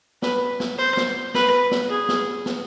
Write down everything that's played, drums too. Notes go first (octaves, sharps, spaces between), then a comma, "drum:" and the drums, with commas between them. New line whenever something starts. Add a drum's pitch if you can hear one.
B4, drum: snare
drum: snare
C5
drum: snare
B4, drum: snare
drum: snare
G#4
drum: snare
drum: snare